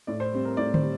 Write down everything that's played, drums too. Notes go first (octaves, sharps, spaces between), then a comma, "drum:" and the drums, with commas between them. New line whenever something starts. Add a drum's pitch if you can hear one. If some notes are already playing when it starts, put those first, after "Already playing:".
A2 D5
C5
G3 C4
A#4
A2 D5
C5, drum: tom
G3